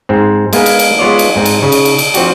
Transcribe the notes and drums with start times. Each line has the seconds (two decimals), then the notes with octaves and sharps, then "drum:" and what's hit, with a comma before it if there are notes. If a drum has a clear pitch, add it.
0.09 G#2 C4
0.53 G#3 A#3 B3 G#5, drum: cymbal
0.66 drum: cymbal
0.79 drum: cymbal
0.99 G#3 B3 F4 C#5 D5
1.19 drum: cymbal
1.36 G#2 C4
1.45 drum: cymbal
1.63 C#3
1.72 drum: cymbal
1.85 drum: cymbal
1.98 drum: cymbal
2.14 F3 C4 D4 F#4 G4, drum: cymbal